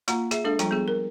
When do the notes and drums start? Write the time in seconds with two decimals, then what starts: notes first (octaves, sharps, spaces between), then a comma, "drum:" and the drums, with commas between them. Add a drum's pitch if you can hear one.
0.08 A#3 F4 F#5 A#5, drum: hi-hat
0.31 G#4 E5, drum: hi-hat
0.44 G#3 D4 A4 F5
0.59 F3 G3 F4 G5 A#5, drum: hi-hat
0.71 B3 G#4
0.88 A#4